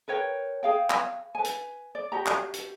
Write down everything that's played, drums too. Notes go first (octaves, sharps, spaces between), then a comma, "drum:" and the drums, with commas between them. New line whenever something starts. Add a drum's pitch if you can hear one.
A#4 B4 C#5 G5
G#4 F5 G5
drum: clap
B4 G#5
drum: hi-hat
D5
F#4 G4 A#5
drum: clap
drum: hi-hat